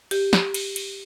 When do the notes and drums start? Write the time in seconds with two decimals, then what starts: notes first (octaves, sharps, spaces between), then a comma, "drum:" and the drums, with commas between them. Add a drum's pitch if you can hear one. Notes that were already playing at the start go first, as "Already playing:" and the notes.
0.11 G4, drum: cymbal
0.33 drum: snare
0.54 drum: cymbal
0.76 drum: cymbal